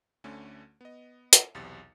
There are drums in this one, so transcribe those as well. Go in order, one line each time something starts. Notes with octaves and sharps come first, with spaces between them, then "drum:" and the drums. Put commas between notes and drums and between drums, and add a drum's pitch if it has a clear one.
D2 D3 A3 C#4
B3 D#5
drum: hi-hat
B1 E2 C3 A6 C#7